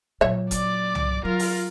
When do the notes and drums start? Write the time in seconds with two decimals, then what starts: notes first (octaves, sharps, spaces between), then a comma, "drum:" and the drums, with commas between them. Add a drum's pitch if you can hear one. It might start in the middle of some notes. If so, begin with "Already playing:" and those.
0.21 A#2 F#3 C#5 E5
0.51 D5 D6, drum: kick F#1, hi-hat
0.95 drum: tom C2
1.25 F#3 F4 A#4
1.39 drum: open hi-hat